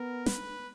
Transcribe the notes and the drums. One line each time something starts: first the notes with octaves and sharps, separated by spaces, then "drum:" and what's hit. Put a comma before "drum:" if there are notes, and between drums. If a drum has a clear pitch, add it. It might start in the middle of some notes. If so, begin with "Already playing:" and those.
Already playing: B3 A#4
B4, drum: snare